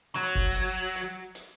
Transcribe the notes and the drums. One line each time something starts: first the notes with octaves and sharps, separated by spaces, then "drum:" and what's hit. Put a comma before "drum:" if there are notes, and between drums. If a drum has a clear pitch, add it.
F#3, drum: hi-hat
drum: kick F#1
drum: hi-hat
drum: hi-hat
drum: hi-hat